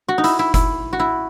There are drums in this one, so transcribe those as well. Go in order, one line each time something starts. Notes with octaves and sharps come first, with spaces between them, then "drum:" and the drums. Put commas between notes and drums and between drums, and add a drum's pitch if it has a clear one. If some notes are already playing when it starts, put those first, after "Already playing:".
F#4
D#4
E4, drum: hi-hat
E4
E4, drum: kick F#1, hi-hat
F#4
E4